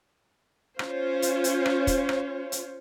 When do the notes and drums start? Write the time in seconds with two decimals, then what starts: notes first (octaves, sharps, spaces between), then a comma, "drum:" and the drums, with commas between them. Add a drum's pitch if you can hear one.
0.79 C#4 F4 C5 C#5, drum: rim click
1.22 drum: hi-hat
1.44 drum: hi-hat
1.66 drum: rim click
1.87 drum: kick, hi-hat
2.09 drum: rim click
2.52 drum: hi-hat